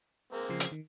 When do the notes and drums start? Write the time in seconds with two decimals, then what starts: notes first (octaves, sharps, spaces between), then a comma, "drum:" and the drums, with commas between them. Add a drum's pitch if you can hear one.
0.33 G#3 A#3 C4 A#4
0.49 C#3 F3 C7
0.60 drum: hi-hat
0.72 D#3